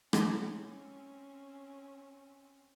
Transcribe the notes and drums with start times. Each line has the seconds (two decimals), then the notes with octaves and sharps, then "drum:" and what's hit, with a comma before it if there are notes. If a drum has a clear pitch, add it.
0.13 C4 C#4, drum: rim click